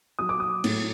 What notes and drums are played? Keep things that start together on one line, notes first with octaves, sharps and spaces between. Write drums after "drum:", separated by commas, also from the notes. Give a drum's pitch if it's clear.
F#3 D#6
D6
D#6
A2, drum: cymbal